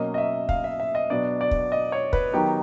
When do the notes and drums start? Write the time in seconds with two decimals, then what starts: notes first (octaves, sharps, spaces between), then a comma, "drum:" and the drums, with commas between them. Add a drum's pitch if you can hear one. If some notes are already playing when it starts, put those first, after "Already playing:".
Already playing: B2 F#3 A#3 C#4 D#5
0.14 D#5
0.18 E5
0.49 F5, drum: kick
0.64 E5
0.80 E5
0.95 D#5
1.10 B2 F#3 B3 D4 D5
1.41 D5
1.51 drum: kick
1.72 D#5
1.92 C#5
2.13 B4, drum: kick
2.33 D#3 F#3 B3 D#4 G4